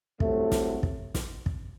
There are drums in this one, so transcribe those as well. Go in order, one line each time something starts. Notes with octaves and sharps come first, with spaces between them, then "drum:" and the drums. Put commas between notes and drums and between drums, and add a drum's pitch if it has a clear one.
C2 C3 F#3 A3, drum: kick
drum: snare
drum: kick
drum: snare
drum: kick